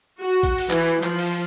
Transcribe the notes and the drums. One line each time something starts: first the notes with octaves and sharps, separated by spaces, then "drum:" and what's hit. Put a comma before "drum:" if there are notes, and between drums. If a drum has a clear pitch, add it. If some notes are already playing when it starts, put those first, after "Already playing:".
F#4
drum: kick A#1, hi-hat
drum: open hi-hat
E3, drum: clap
drum: hi-hat
F3, drum: clap
drum: open hi-hat